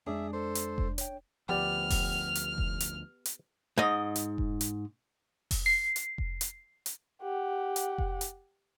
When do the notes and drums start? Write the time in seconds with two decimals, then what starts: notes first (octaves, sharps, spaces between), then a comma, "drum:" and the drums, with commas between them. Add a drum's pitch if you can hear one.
0.06 F2 G#3 D4 G#4 E5
0.33 A4 C5
0.55 drum: hi-hat
0.78 drum: kick F1
0.98 C#5 G5, drum: hi-hat
1.49 D2 F3 B3 G4 D5 F6
1.90 drum: kick F1, open hi-hat
2.35 drum: hi-hat
2.58 drum: kick F1
2.80 drum: hi-hat
3.26 drum: hi-hat
3.78 G#2 D#5
4.16 drum: hi-hat
4.38 drum: kick F1
4.61 drum: hi-hat
5.51 drum: kick F1, open hi-hat
5.66 C7
5.96 drum: hi-hat
6.18 drum: kick F1
6.41 drum: hi-hat
6.86 drum: hi-hat
7.23 G4 F#5
7.76 drum: hi-hat
7.98 drum: kick F1
8.21 drum: hi-hat